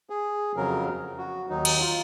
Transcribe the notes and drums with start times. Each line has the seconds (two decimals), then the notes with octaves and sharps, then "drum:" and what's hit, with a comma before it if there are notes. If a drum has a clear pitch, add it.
0.10 G#4
0.56 F2 C#3 F#3 A#4
1.18 F#4
1.49 D#2 D#3 F#3 D#4
1.65 drum: cymbal
1.80 F4